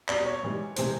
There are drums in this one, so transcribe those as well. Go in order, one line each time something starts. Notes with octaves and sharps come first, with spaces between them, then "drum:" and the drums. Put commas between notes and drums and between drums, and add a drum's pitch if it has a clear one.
E2 B2 G3 D5, drum: clap
C#5
G#2 E3 G3
C3 E3 G#3 C5, drum: hi-hat